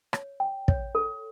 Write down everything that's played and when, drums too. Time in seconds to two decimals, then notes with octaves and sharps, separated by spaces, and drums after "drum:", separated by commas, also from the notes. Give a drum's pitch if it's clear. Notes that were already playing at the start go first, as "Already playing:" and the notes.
0.13 C#5, drum: rim click
0.40 G5
0.68 C#5, drum: kick
0.95 A4